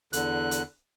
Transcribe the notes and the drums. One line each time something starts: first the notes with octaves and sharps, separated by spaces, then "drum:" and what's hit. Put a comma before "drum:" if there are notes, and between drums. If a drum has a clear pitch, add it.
E2 D3 F#6, drum: hi-hat
drum: hi-hat